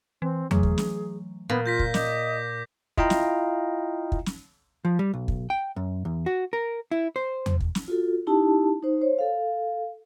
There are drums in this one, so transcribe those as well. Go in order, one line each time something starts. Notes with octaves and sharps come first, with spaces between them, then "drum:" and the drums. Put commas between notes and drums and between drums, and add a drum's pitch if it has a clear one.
E3 C4
E3 F#3 A3 G#4, drum: tom E2
drum: kick
drum: snare
A#2 B3
F4 G6 A#6 B6
drum: kick
D#5 D6 G6, drum: snare
E4 F4 D#5 F5 G5 A#5, drum: kick
drum: snare
drum: kick
drum: snare
F3
G3
B1
drum: kick
G5
F#2
E2
F#4
A#4
E4
C5
drum: tom E2
drum: kick
drum: snare
F4 F#4 A4
C#4 D#4 E4 G4 A5
D#4 C5
C5 C#5
A4 F5